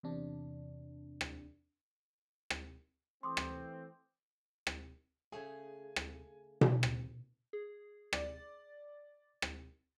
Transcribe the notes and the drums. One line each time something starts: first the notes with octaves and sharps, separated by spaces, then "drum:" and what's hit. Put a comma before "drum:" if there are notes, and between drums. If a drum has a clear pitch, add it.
E2 C3 D4
drum: rim click
drum: rim click
E3 A3 C4 C6 D6 D#6
drum: rim click
drum: rim click
C#3 A3 G#4 G#5
drum: rim click
drum: tom B2
drum: rim click
G#4
D5 A6, drum: rim click
drum: rim click